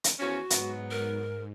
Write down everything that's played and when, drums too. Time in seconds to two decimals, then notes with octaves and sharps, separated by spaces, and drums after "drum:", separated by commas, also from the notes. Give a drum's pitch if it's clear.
0.04 drum: hi-hat
0.20 E2 F3 C#4 F#4
0.50 G#2 F#3 B3, drum: hi-hat
0.91 A#4